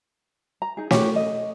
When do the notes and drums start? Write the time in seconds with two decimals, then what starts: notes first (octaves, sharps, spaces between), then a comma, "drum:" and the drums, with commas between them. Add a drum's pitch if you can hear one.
0.62 A#5
0.77 D#4 G#4
0.91 F#4 G4 C#5, drum: snare
1.16 D#5